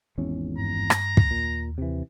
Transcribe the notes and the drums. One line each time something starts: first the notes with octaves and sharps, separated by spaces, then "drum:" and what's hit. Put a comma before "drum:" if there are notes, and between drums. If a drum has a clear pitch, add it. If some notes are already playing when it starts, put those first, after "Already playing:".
G#1 E2 C#4
G2 A#5
drum: rim click
drum: kick
D#2 A#2
C3 E3